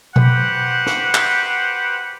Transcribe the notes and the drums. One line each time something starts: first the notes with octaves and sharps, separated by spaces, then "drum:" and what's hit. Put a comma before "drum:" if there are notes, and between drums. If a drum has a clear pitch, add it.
F#4 G4 B4 C5 F#5, drum: tom B2
drum: snare
drum: clap